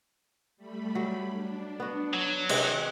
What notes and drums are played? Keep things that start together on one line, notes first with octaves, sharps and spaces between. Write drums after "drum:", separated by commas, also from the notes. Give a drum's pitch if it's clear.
G3 A3 B5
F#3
D4
B3 F#4
F#3
C3 G#3, drum: cymbal